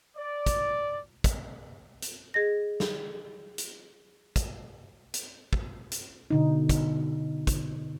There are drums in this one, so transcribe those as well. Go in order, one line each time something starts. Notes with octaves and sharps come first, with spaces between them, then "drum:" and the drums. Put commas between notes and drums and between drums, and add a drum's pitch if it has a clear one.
D5
drum: kick, hi-hat
drum: kick, hi-hat
drum: hi-hat
G#4 D#5 A#6
drum: snare
drum: hi-hat
drum: kick, hi-hat
drum: hi-hat
drum: kick
drum: hi-hat
B2 D3 D#4
drum: kick, hi-hat
drum: kick, hi-hat